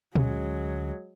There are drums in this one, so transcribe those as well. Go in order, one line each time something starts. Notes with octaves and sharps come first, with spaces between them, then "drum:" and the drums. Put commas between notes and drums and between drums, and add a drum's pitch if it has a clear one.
D2 F#3 G#3 C#4, drum: tom A#2